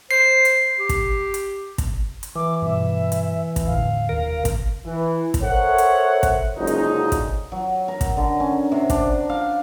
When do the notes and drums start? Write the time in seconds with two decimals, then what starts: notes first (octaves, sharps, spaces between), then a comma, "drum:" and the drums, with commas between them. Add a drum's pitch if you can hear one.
0.11 C5 C7
0.45 drum: hi-hat
0.78 G4
0.89 drum: kick, hi-hat
1.34 drum: hi-hat
1.78 drum: kick, hi-hat
2.23 drum: hi-hat
2.36 E3 D6
2.62 G2 B2 E5
3.12 drum: hi-hat
3.56 drum: kick, hi-hat
3.66 E2 A2 D3 F5
4.09 F1 D#2 D#3 A#4
4.45 drum: kick, hi-hat
4.85 E3
5.34 drum: kick, hi-hat
5.43 A4 A#4 C5 C#5 E5 F#5
5.78 drum: hi-hat
6.23 drum: kick, hi-hat
6.57 F#1 F#2 D3 F3 G#3 D#4
6.67 drum: hi-hat
7.12 drum: kick, hi-hat
7.52 F#3
7.88 A#4
8.01 drum: kick, hi-hat
8.17 D3
8.40 C#4
8.72 C3
8.90 D4, drum: kick, hi-hat
9.29 F5